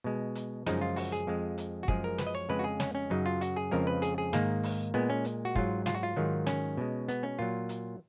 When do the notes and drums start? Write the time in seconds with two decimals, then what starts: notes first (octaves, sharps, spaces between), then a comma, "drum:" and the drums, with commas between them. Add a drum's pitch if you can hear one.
0.04 B2 G#3
0.35 drum: hi-hat
0.66 F#2 C#3 F3 G#3 D#4, drum: snare
0.81 F4
0.96 F#4, drum: open hi-hat
1.12 G#4
1.27 F2 F3 G#3
1.58 drum: hi-hat
1.83 F#4
1.88 F#2 F3 G#3 G#4, drum: kick
2.04 A#4
2.18 B4, drum: snare
2.27 D#5
2.35 C#5
2.49 F2 C#3 G#3 B4
2.59 F#4
2.64 G#4
2.80 C#4, drum: snare
2.95 C#4
3.10 F#2 C#3 F#3 D#4
3.26 F4
3.41 F#4, drum: hi-hat
3.56 G#4
3.71 F2 C#3 F3 G#3 A#4
3.87 B4
4.02 G#4, drum: hi-hat
4.18 G#4
4.33 G#2 D#3 G#3 A#3, drum: snare
4.63 drum: open hi-hat
4.94 A#2 G#3 B3
5.10 C#4
5.25 drum: hi-hat
5.45 F#4
5.55 G#2 F#3 F4, drum: kick
5.86 F4, drum: snare
5.94 F#4
6.03 F4
6.16 G#2 D#3 F#3
6.47 C#4, drum: snare
6.77 B2 G#3
7.08 B3, drum: hi-hat
7.23 C#4
7.39 A#2 F#3 F4
7.69 drum: hi-hat